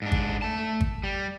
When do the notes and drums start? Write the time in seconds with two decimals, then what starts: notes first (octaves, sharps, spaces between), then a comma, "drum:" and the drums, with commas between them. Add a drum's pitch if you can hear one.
0.02 G#2 D4
0.12 drum: kick G#1
0.42 A3 A5
0.81 drum: kick G#1
1.03 G3